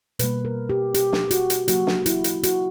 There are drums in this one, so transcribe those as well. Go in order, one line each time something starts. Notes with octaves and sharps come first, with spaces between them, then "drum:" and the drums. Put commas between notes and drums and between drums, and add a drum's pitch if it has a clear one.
B2 G3 A#3 B4, drum: hi-hat
A#4
G4
G4, drum: hi-hat
drum: snare
F#4, drum: hi-hat
drum: hi-hat
C#3 F#3 A#3 F#4, drum: hi-hat
drum: snare
E4, drum: hi-hat
drum: hi-hat
F#4, drum: hi-hat